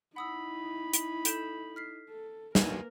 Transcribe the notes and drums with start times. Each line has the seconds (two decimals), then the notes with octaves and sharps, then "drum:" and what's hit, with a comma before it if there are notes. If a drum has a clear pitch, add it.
0.16 D#4 E4 F#5 B5 D#6 E6
0.94 drum: hi-hat
1.25 A4 G6 E7, drum: hi-hat
1.76 F6 B6 C7
2.09 A4
2.55 A#3 A#4 B4 G#5, drum: snare